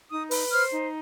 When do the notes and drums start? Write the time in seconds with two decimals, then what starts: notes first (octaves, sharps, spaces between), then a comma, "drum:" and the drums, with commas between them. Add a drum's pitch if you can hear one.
0.11 D#4 D#6
0.31 B4, drum: open hi-hat
0.51 C5 F6
0.72 D#4